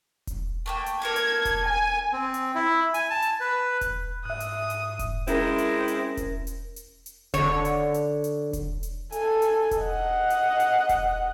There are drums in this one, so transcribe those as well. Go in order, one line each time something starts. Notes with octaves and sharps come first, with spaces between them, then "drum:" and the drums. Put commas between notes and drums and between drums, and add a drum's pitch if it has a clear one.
drum: kick E1, hi-hat
A3 A#3 G5
drum: hi-hat
A#3 A4 A#4 G#6
drum: hi-hat
drum: kick E1, hi-hat
G#5
C4
drum: hi-hat
E4
G#5, drum: hi-hat
A5
drum: hi-hat
B4
drum: kick E1, hi-hat
G#2 E5 D#6 F#6
drum: hi-hat
drum: hi-hat
drum: kick E1, hi-hat
G#3 C4 C#4 E4 A#4 A#6, drum: hi-hat
drum: hi-hat
drum: hi-hat
drum: kick E1, hi-hat
drum: hi-hat
drum: hi-hat
drum: hi-hat
D3 C#5, drum: kick E1, hi-hat
drum: hi-hat
drum: hi-hat
drum: hi-hat
drum: kick E1, hi-hat
drum: hi-hat
A4 G#5, drum: hi-hat
drum: hi-hat
drum: kick E1, hi-hat
D#5 F#5
drum: hi-hat
drum: hi-hat
drum: kick E1, hi-hat